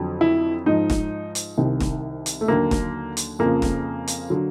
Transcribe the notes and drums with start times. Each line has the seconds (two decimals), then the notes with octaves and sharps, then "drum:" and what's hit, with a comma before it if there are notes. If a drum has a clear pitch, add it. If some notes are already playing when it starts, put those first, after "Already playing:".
Already playing: F2 D3 F#3
0.21 E4
0.66 G#2 F3 D#4
0.90 drum: snare E1
1.35 drum: hi-hat
1.58 C2 C3 D#3
1.80 drum: snare E1
2.26 drum: hi-hat
2.41 A3
2.48 D#2 D3 F#3 A#3
2.71 drum: snare E1
3.17 drum: hi-hat
3.39 F2 C#3 F3 A#3
3.62 drum: snare E1
4.08 drum: hi-hat
4.30 D3 F#3